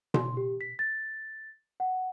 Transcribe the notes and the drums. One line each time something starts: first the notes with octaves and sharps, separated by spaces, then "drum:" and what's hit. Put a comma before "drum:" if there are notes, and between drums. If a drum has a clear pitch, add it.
C6, drum: tom B2
G4
B6
A6
F#5